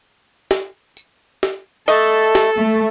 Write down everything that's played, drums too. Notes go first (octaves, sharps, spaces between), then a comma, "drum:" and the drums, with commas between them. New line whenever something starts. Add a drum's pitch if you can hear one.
drum: snare
drum: tambourine
drum: snare
A3 A4 D#5, drum: tambourine
drum: snare
A3